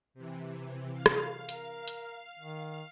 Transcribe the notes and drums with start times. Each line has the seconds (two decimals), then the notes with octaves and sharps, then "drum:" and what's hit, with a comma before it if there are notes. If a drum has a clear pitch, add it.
0.14 C3 E3
0.93 F5
1.06 drum: rim click
1.49 A#4, drum: hi-hat
1.88 drum: hi-hat
2.39 D#3